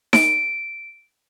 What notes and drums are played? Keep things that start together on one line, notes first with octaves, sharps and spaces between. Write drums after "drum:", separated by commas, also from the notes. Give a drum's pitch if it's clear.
D7, drum: snare D#4